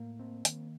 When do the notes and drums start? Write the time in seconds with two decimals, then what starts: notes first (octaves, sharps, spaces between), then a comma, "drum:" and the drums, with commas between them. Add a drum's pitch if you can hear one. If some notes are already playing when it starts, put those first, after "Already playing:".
Already playing: A2 A#3
0.19 C4
0.45 D#3, drum: hi-hat